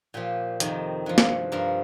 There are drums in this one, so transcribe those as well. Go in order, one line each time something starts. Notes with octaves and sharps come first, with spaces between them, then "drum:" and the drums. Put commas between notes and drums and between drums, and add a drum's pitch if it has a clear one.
A#2 F3 G4
F2 C3 D#3, drum: hi-hat
G2 F3
drum: snare
G2 F3 A#4